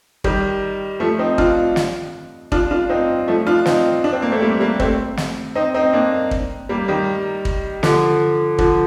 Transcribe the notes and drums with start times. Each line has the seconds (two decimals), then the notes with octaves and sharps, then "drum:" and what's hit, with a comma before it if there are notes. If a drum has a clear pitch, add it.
0.24 D#3 G3, drum: kick
1.00 F3 A3
1.19 C4 D#4
1.38 D4 F4, drum: kick
1.76 drum: snare
2.52 D4 F4, drum: kick
2.71 D4 F4
2.90 C4 D#4
3.28 F3 A3
3.47 D4 F4
3.66 C4 D#4, drum: snare
4.04 D4
4.13 C4
4.22 A#3
4.31 A3 C4
4.41 G3 A#3
4.60 G3 A#3
4.80 A3 C4, drum: kick
5.17 drum: snare
5.55 C4 D#4
5.74 C4 D#4
5.93 A#3 D4
6.31 drum: kick
6.69 G3 A#3
6.88 D#3 G3
7.45 drum: kick
7.83 D3 F3, drum: snare
8.58 D3 F3, drum: kick